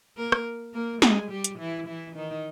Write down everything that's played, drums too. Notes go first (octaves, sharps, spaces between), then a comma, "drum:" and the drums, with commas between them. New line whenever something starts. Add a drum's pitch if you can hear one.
A#3 A#4
drum: rim click
A#3 A#4
G#3 G#4, drum: snare
G3 G4
drum: hi-hat
E3 E4
E3 E4
D#3 D#4